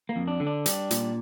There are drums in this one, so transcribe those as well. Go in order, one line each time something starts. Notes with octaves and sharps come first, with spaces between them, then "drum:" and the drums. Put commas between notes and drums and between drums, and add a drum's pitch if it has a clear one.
A#3
F2
D4
D3
D4
G3, drum: hi-hat
A#2, drum: hi-hat